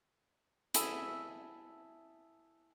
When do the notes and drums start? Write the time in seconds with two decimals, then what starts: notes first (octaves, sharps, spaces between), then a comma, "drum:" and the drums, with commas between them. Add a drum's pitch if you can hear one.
0.74 E4 G#4 A4 E5, drum: hi-hat